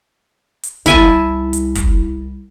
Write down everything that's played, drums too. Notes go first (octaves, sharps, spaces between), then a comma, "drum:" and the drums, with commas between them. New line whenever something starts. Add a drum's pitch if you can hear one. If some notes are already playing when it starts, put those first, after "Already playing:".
drum: hi-hat
C2 E4 G#5 A5, drum: kick, hi-hat
drum: hi-hat
drum: kick, hi-hat